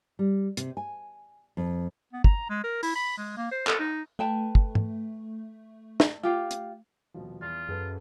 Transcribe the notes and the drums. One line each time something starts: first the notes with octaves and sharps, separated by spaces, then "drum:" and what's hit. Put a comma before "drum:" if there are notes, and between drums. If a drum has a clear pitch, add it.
G3
C3, drum: hi-hat
G#5
F2
B3
A#5, drum: kick
G#3
A#4
E4, drum: open hi-hat
B5
G#3
A#3
C5
A4, drum: clap
D#4
A3 B4 G5 A5
drum: kick
drum: tom G#2
drum: snare
F4 G4 F5
drum: hi-hat
D#1 B2 F3
E2 F4
F#2 G#4 A4 B4